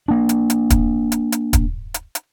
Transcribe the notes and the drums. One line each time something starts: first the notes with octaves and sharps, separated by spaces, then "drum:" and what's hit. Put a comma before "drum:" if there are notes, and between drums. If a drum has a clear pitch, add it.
A#3 D4
drum: hi-hat
drum: hi-hat
drum: kick, hi-hat
drum: hi-hat
drum: hi-hat
drum: kick, hi-hat
drum: hi-hat
drum: hi-hat